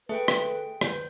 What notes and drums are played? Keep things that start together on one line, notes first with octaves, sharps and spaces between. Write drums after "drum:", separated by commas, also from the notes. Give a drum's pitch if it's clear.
A3 G#4 B4 G5
drum: rim click
B4 C5, drum: rim click